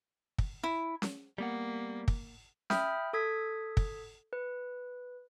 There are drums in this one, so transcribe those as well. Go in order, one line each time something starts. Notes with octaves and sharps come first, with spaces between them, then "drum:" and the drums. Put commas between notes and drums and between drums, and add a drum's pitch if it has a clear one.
drum: kick
E4
drum: snare C#4
G3 A#3 B3 F#5
drum: kick
E5 G5 B5 D#6 F6 G6, drum: snare C#4
A4 D#6 G#6 B6
drum: kick
B4